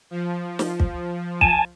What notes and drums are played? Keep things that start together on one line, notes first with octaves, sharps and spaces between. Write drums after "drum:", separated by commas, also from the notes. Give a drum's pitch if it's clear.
F3
drum: snare
drum: kick
G#5 A5, drum: kick